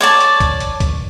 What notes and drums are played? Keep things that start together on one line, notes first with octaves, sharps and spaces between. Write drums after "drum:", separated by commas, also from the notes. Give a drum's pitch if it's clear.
C#5 D5 A5
drum: hi-hat
drum: kick, hi-hat
drum: hi-hat
drum: kick, hi-hat